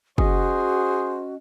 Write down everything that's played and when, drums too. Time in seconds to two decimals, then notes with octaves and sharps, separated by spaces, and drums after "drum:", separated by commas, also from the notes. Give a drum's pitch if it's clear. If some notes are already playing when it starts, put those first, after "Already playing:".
0.18 C#4 F#4 G#4 C5 D#5, drum: kick F#1